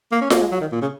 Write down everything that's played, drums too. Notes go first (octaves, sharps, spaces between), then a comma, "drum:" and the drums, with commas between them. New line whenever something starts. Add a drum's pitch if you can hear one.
A#3
C#4
A#3, drum: snare F4
G#3
F#3
D#3
A#2
C#3